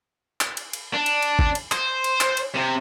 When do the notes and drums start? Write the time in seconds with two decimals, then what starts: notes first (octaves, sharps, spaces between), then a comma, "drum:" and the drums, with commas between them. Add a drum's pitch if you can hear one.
0.41 drum: clap
0.57 drum: cymbal
0.73 drum: cymbal
0.94 D4
1.06 drum: cymbal
1.23 drum: cymbal
1.39 drum: kick G#1
1.55 drum: cymbal
1.72 C5, drum: clap
2.04 drum: cymbal
2.21 drum: clap
2.37 drum: cymbal
2.55 C3